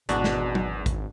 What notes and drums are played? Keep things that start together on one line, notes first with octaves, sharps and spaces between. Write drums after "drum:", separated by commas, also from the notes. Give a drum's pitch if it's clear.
G#1 E2 B2 D4 F#4, drum: hi-hat
drum: snare
drum: tom F#3
drum: kick A1, hi-hat